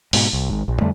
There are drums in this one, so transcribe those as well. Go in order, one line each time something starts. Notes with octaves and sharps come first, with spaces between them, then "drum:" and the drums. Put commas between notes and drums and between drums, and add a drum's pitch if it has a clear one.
G#2 B2, drum: open hi-hat
C2
G#1 G#2
A#1
F2 D3 G3 A3